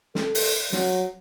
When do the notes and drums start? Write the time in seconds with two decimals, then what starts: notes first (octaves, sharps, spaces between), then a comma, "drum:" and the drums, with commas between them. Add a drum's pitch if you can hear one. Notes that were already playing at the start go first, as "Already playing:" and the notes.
0.15 A4, drum: snare
0.35 drum: open hi-hat
0.72 F#3, drum: snare